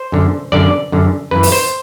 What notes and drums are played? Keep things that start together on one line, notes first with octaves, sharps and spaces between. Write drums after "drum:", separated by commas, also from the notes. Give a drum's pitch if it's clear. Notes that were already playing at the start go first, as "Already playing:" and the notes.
Already playing: C5
F#2 D3
F#2 D3 D5
F#2 D3
F#2 E3 B4
drum: open hi-hat
C5